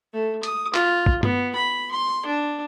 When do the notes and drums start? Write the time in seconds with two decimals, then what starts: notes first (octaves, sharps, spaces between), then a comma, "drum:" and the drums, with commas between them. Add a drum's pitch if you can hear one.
0.13 A3
0.43 D#6, drum: hi-hat
0.74 F4, drum: clap
1.06 drum: kick
1.23 B3, drum: tom G2
1.55 B5
1.92 C6
2.26 D4